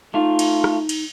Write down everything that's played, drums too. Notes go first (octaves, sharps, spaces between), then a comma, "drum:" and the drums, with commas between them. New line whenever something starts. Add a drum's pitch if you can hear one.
A3 D#4 F4
drum: cymbal
drum: rim click
drum: cymbal